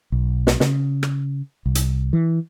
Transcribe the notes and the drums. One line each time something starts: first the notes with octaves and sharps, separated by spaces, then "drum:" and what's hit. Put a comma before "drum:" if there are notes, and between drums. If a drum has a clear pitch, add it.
B1
drum: snare
C#3, drum: snare
drum: rim click
C2
drum: hi-hat
E3